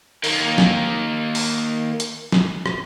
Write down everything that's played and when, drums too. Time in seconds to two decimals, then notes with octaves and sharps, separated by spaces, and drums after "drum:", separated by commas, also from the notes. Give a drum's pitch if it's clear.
0.24 D#3 A#3, drum: open hi-hat
0.58 drum: snare
1.35 drum: open hi-hat
2.00 drum: hi-hat
2.32 drum: snare
2.66 drum: rim click